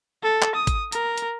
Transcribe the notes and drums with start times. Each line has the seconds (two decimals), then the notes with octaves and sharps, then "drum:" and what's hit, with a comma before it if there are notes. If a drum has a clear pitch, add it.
0.23 A4
0.42 drum: clap
0.55 D#6
0.67 drum: kick G#1, hi-hat
0.92 A#4, drum: hi-hat
1.18 drum: hi-hat